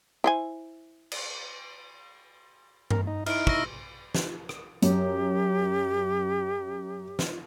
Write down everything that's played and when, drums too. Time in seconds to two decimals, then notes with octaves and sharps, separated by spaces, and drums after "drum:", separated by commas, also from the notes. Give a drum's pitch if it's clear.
0.24 E4 C5 G#5
1.12 drum: cymbal
2.91 A#4, drum: tom G2
3.07 D#4
3.26 D#4 E4 F6 D7, drum: cymbal
3.47 C#6 E6 A#6, drum: kick
4.15 drum: snare
4.49 drum: rim click
4.82 F#2 G4, drum: hi-hat
7.19 drum: snare